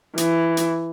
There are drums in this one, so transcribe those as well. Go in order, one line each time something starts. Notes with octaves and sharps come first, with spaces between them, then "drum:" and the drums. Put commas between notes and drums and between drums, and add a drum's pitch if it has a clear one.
E3, drum: hi-hat
drum: hi-hat